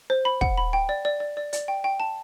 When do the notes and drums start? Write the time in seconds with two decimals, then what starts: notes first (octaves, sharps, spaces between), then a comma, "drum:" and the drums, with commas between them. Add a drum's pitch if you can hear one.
0.10 C5
0.25 B5
0.41 F#5, drum: kick
0.58 B5
0.73 G5
0.89 D5
1.05 D5
1.20 D5
1.37 D5
1.53 D5, drum: hi-hat
1.68 G5
1.84 G5
2.00 A5